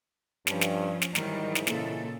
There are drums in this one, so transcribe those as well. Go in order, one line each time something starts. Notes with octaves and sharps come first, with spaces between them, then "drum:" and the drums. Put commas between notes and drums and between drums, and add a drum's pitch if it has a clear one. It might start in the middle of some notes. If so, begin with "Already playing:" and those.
G2 F3 C#4, drum: snare
drum: snare
drum: snare
G#2 D#3 E3 F#3 G3, drum: snare
drum: snare
A#2 C#3 A4, drum: snare